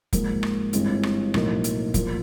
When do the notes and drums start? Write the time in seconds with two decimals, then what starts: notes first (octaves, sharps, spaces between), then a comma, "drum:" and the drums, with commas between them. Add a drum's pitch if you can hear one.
0.13 G#2 F3 A#3, drum: kick F1, hi-hat
0.43 drum: rim click
0.73 G1 G2 E3 G#3 C4, drum: hi-hat
1.03 drum: rim click
1.34 B1 A2 F3 A#3 D#4, drum: rim click
1.64 drum: hi-hat
1.94 A#2 F3 A#3, drum: kick F1, hi-hat